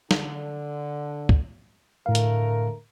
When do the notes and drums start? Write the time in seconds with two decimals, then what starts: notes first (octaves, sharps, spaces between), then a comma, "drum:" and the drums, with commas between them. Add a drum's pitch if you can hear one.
0.11 D3, drum: snare
1.29 drum: kick
2.06 A2 D3 A3 A#4 F5
2.15 drum: hi-hat